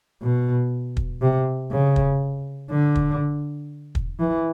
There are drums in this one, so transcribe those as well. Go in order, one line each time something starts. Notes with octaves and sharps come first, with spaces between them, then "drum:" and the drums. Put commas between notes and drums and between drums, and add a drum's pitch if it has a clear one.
B2
drum: kick
C3
C#3
drum: kick
D3
drum: kick
drum: kick
E3